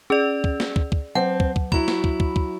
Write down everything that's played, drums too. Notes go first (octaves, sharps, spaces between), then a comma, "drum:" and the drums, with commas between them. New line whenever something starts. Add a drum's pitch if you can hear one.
C#4 G#4 D5
drum: kick
drum: snare
drum: kick
drum: kick
F#3 C4 F#5
drum: kick
drum: kick
F#3 E4 B5, drum: kick
drum: snare
drum: kick
drum: kick
drum: kick